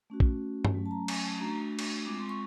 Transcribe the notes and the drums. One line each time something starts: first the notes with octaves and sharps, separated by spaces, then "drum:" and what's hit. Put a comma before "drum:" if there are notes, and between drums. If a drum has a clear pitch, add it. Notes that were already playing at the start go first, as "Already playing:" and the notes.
A3 C#4 F#4
drum: kick A#1
drum: tom G2
F#3 A3 C#4
A5
A#5
G#5, drum: cymbal
A5
A3 D4 F#4 A#5
drum: cymbal
G#3 C4 F4 D6
C6
C#6